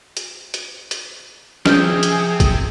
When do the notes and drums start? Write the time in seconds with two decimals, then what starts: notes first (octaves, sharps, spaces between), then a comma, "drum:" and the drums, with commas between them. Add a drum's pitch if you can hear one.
0.17 drum: hi-hat
0.54 drum: hi-hat
0.91 drum: hi-hat
1.66 C3 F3 C4 G#4 F6 G6, drum: snare
2.03 drum: hi-hat
2.40 drum: kick, hi-hat